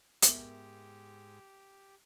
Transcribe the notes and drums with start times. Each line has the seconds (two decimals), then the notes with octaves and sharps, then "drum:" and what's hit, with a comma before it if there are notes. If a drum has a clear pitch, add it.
0.22 G#2 B3 G4 A#4 E5, drum: hi-hat